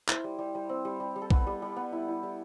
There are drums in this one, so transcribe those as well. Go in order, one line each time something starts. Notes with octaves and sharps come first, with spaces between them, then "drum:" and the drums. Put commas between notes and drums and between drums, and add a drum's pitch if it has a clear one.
E4 C5, drum: clap
G3
G3
G3
C4
G3
G3
G3
A4
B3 B4, drum: kick B1
G3
G3
B3
E4
E4
G3